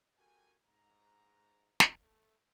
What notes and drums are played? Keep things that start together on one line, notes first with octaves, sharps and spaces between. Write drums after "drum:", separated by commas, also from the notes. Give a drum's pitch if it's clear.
F#4 G4 A4 A#4 G5 G#5
G#2 A#5
drum: snare
A3